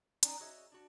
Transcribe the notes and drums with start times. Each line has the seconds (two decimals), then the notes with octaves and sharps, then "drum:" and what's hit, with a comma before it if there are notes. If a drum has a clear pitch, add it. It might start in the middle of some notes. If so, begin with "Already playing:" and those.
0.23 D#3 C#4 D#4 A#4 D5 G#5, drum: hi-hat
0.40 F#4 G#4 C#5 D#5 E5
0.72 D4 F#4